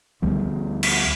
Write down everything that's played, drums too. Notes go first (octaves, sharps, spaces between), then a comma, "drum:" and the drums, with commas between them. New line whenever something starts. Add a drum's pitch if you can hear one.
D2 F3 G3 B3
drum: cymbal